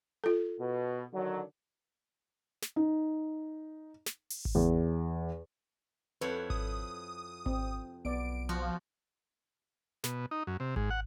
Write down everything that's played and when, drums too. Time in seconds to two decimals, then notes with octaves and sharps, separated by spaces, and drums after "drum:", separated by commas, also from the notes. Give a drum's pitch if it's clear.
0.24 F4 A4
0.59 B2
1.13 D3 D#3 F#3
2.62 drum: snare
2.76 D#4
4.06 drum: snare
4.30 drum: open hi-hat
4.45 drum: kick G#1
4.55 E2
6.21 F2 E4 B4 C#5
6.50 D#6, drum: kick G#1
7.46 C4, drum: kick G#1
8.05 B1 B3 D5 D7
8.49 F3 F#4
10.04 B2, drum: snare
10.31 D#4
10.47 F#2
10.60 C3
10.76 G#2, drum: kick G#1
10.90 F#5